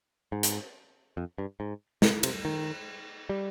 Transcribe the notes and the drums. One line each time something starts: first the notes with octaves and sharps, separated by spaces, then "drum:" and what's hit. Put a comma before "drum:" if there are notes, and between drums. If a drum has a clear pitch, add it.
G#2
drum: hi-hat
F2
G2
G#2
C3, drum: snare
C3, drum: cymbal
D#3
G3